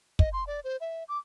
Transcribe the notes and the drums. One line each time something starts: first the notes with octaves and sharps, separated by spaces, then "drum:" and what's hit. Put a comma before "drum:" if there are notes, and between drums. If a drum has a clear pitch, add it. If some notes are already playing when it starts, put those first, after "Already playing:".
D#5, drum: kick
C6
D5
C5
E5
D6